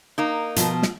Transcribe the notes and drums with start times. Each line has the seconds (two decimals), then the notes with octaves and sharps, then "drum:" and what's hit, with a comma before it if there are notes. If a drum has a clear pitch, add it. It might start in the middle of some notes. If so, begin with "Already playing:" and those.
0.18 A#3 D#4
0.56 B2 F3, drum: hi-hat
0.83 drum: snare